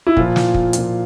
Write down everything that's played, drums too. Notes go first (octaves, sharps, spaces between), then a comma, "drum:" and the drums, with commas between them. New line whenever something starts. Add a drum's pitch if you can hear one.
E4
A#2 F3 F4, drum: kick
drum: snare
drum: kick
A#2 F3, drum: hi-hat